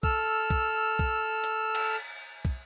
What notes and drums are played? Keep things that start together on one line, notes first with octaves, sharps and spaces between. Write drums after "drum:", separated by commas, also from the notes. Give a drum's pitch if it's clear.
A4 E6 F6, drum: kick
drum: kick
drum: kick
drum: hi-hat
drum: cymbal
drum: kick